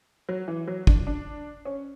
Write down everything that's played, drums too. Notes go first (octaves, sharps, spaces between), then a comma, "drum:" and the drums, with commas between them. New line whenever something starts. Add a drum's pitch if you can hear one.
F#3
E3
F#3
D4, drum: kick
D4
C#4